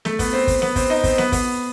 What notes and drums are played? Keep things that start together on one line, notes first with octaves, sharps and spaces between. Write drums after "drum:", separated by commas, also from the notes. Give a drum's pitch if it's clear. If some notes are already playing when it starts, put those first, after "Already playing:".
A3, drum: snare
B3, drum: kick, open hi-hat
C4
drum: kick, open hi-hat
B3, drum: snare
C4, drum: kick, open hi-hat
D#4
C4, drum: kick, open hi-hat
B3, drum: snare
B3, drum: kick, open hi-hat